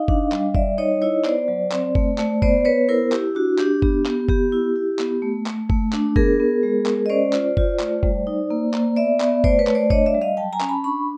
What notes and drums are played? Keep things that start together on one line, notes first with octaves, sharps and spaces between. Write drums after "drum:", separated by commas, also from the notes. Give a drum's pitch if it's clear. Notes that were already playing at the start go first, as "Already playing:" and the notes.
Already playing: D#4 D#5 F5
D4, drum: kick
G3, drum: clap
G3 D5 E5, drum: kick
D#4 C#5 D#5
E4 C#5 D#5
B3 C5 D5, drum: clap
F#3
C4, drum: clap
A3, drum: kick
A3, drum: clap
B3 C5 D5, drum: kick
B3 B4 C#5
E4 A#4 C5
E4 G4, drum: clap
D4 F#4
D4 G4, drum: clap
B3 G4, drum: kick
B3 G4, drum: clap
B3 G4, drum: kick
E4
E4
B3, drum: clap
A3
A3, drum: clap
A3, drum: kick
D4, drum: clap
B3 G#4 A#4, drum: kick
B3
G#3
G#3, drum: clap
D#5
C#4 C5 D5
F4, drum: clap
F4, drum: kick
A3, drum: clap
G3, drum: kick
D#4
A#3
A#3, drum: clap
B3 D5 E5
B3, drum: clap
A3 C5 D5, drum: kick
B4 C#5
A3, drum: clap
C5 D5
D4 C#5 D#5, drum: kick
D5 E5
G3
D#5 F5
F#3 G5 A5
G#5 A#5
C#4, drum: clap
A5 B5
D4 B5 C#6